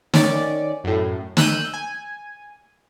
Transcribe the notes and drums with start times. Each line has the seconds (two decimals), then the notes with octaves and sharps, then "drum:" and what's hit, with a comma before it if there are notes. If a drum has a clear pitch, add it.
0.14 D#3 C#4 D5, drum: snare
0.84 F#2 A2
1.37 E6 F#6 G6 D#7, drum: snare
1.74 G#5